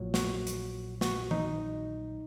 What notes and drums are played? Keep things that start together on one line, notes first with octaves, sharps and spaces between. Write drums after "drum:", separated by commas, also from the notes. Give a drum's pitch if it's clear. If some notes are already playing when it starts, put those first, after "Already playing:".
Already playing: A#1 A#2 F#3
F#4, drum: snare
drum: hi-hat
F#4, drum: snare
D#4, drum: tom D#3